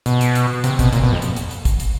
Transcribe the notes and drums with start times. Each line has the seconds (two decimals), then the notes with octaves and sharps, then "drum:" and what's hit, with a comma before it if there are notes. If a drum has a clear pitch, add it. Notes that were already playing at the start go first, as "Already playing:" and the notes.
0.06 B2, drum: hi-hat
0.21 drum: hi-hat
0.35 drum: hi-hat
0.64 C3, drum: hi-hat
0.79 B2, drum: kick, hi-hat
0.93 A#2, drum: hi-hat
1.03 B2
1.12 F2
1.22 drum: hi-hat
1.36 drum: hi-hat
1.51 drum: hi-hat
1.65 drum: kick, hi-hat
1.80 drum: hi-hat